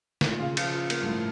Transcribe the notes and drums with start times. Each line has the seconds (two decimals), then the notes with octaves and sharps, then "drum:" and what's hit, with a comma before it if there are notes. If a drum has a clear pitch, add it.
0.21 A2, drum: snare
0.30 A#2
0.40 C#3 F4
0.57 F3, drum: cymbal
0.74 F3
0.90 A#3, drum: cymbal
1.02 G2
1.07 A2 F3